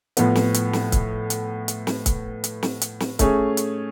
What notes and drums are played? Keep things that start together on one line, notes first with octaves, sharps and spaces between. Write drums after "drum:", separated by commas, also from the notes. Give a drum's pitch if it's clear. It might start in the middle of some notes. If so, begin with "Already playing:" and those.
A2 F3 B3, drum: hi-hat
drum: snare
drum: hi-hat
drum: snare
drum: kick C#1, hi-hat
drum: hi-hat
drum: hi-hat
drum: snare
drum: kick C#1, hi-hat
drum: hi-hat
drum: snare
drum: hi-hat
drum: snare
A3 C#4 G#4, drum: kick C#1, hi-hat
drum: hi-hat